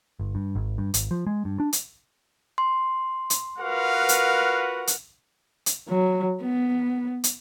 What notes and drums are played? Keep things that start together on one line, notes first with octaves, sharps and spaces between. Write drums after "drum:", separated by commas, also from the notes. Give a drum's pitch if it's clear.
G1
G2
G#1
G2
G#1, drum: hi-hat
F3
G#3
G2
D4
drum: hi-hat
C6
drum: hi-hat
F4 F#4 A#4 B4 F5 F#5
drum: hi-hat
drum: hi-hat
drum: hi-hat
F#3
B3
drum: hi-hat